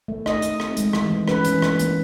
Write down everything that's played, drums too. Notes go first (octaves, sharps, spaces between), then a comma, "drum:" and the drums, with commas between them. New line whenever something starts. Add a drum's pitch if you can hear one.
A3
D#4 D#5, drum: rim click
D#4, drum: hi-hat
C4, drum: rim click
G#3, drum: hi-hat
E3, drum: rim click
E3
C#4 B4, drum: rim click
E3, drum: hi-hat
E3, drum: rim click
A#3, drum: hi-hat